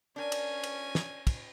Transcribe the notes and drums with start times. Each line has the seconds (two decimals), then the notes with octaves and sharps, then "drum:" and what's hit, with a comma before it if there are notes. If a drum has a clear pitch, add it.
0.16 C#4 D4 A#4 G#5
0.32 drum: cymbal
0.63 drum: cymbal
0.95 drum: snare
1.27 drum: kick, cymbal